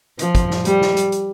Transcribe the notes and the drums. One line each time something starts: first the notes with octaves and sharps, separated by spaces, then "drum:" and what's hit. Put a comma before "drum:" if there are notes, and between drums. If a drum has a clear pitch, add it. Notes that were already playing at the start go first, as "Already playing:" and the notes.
F3, drum: hi-hat
drum: kick, hi-hat
drum: snare
G3, drum: hi-hat
drum: snare
drum: hi-hat
drum: hi-hat